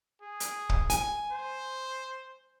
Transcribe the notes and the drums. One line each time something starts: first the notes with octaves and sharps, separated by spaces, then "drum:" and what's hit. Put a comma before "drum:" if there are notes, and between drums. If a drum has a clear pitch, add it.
G#4
drum: hi-hat
drum: kick
G#5, drum: hi-hat
C5